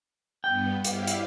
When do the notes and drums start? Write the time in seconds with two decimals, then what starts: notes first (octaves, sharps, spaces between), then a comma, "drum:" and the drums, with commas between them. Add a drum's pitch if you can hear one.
0.44 G2 B3 G5
0.85 E4 G4 F5, drum: hi-hat
1.07 drum: hi-hat